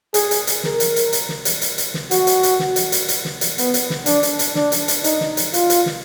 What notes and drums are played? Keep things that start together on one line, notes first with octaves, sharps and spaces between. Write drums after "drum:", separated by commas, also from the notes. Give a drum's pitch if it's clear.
G#4, drum: hi-hat
drum: hi-hat
drum: hi-hat
A#4, drum: snare
drum: hi-hat
drum: hi-hat
drum: hi-hat
drum: snare
drum: hi-hat
drum: hi-hat
drum: hi-hat
drum: snare
F#4, drum: hi-hat
drum: hi-hat
drum: hi-hat
drum: snare
drum: hi-hat
drum: hi-hat
drum: hi-hat
drum: snare
drum: hi-hat
B3, drum: hi-hat
drum: hi-hat
drum: snare
D4, drum: hi-hat
drum: hi-hat
drum: hi-hat
D4, drum: snare
drum: hi-hat
drum: hi-hat
D#4, drum: hi-hat
drum: snare
drum: hi-hat
F4, drum: hi-hat
drum: hi-hat
drum: snare